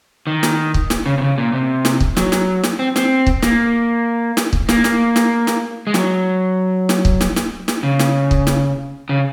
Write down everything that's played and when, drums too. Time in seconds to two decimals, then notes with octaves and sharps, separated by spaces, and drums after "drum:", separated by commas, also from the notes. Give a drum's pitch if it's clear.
0.27 D#3
0.43 drum: snare
0.74 drum: kick
0.90 drum: snare
1.06 C#3
1.18 C3
1.22 C#3
1.38 A#2
1.53 C3
1.85 drum: snare
2.00 drum: kick
2.17 F#3, drum: snare
2.32 drum: snare
2.63 drum: snare
2.79 C4
2.96 C4, drum: snare
3.27 drum: kick
3.42 A#3, drum: snare
4.37 drum: snare
4.53 drum: kick
4.69 A#3, drum: snare
4.84 drum: snare
5.16 drum: snare
5.47 drum: snare
5.87 G#3
5.94 F#3, drum: snare
6.89 drum: snare
7.05 drum: kick
7.21 drum: snare
7.36 drum: snare
7.68 drum: snare
7.83 C#3
7.99 drum: snare
8.31 drum: kick
8.47 drum: snare
9.09 C#3